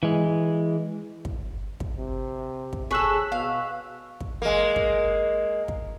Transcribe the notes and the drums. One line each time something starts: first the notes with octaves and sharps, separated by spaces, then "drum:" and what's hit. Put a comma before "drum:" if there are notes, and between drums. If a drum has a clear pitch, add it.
E3 G#3
drum: kick
drum: kick
C3
drum: kick
G#4 A4 C#5 E6 F#6 B6
B2 F5
drum: kick
G#3 A#3
drum: kick
drum: kick